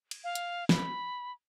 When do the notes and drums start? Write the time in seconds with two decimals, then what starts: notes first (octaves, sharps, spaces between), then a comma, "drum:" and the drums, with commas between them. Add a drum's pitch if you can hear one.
0.11 drum: cymbal
0.24 F5
0.35 drum: hi-hat
0.69 B5, drum: snare